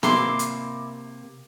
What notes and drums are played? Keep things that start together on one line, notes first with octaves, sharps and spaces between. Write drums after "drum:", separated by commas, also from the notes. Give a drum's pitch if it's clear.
C3 A#3 E4 C6 D6, drum: snare
drum: hi-hat